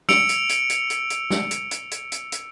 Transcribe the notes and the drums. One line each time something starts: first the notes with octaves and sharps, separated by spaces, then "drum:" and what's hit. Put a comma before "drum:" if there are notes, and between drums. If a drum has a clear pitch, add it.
E6 C#7 D7 F7, drum: snare
drum: hi-hat
drum: hi-hat
drum: hi-hat
drum: hi-hat
drum: hi-hat
drum: snare
drum: hi-hat
drum: hi-hat
drum: hi-hat
drum: hi-hat
drum: hi-hat